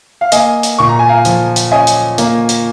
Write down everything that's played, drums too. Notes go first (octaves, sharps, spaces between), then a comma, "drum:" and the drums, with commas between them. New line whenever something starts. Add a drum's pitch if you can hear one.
F5
A#3 D#5 G#5, drum: hi-hat
drum: hi-hat
A#2 C#6
A#5
G#5
F5 A#5
F3, drum: hi-hat
drum: hi-hat
C#4 D#5 G#5
drum: hi-hat
A#3, drum: hi-hat
drum: hi-hat